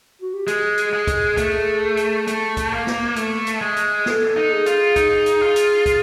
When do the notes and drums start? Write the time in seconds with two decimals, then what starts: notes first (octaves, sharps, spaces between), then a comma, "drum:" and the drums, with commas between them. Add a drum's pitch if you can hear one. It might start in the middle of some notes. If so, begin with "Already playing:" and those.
0.22 F#4
0.34 G4
0.48 G#3 G#4, drum: hi-hat
0.78 drum: hi-hat
0.93 G#3
1.07 drum: kick, hi-hat
1.37 A3, drum: kick, hi-hat
1.97 drum: hi-hat
2.27 A3, drum: hi-hat
2.57 drum: kick, hi-hat
2.72 A#3
2.87 drum: snare
3.16 A3, drum: hi-hat
3.47 drum: hi-hat
3.61 G#3
3.76 drum: hi-hat
4.06 A4, drum: snare
4.37 D#4
4.52 G#4
4.66 F4, drum: hi-hat
4.96 D#4, drum: kick, hi-hat
5.26 drum: hi-hat
5.41 F4
5.56 drum: hi-hat
5.86 drum: kick, hi-hat